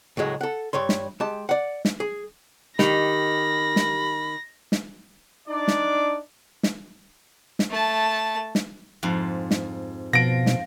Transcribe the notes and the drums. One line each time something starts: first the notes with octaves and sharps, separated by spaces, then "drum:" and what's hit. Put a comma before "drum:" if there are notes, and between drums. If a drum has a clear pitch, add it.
C#2 A2 F#3 G#3
A4 F#5
G2 G3 C#5 C6
drum: snare
G#3 G4 A5
D5 F#5
drum: snare
G#4
D#3 G4 B5 A#6, drum: snare
drum: snare
drum: snare
D4 D#4 D5
drum: snare
drum: snare
drum: snare
A3 A5
drum: snare
F2 G#2
drum: snare
B2 F3 A#6 D7
drum: snare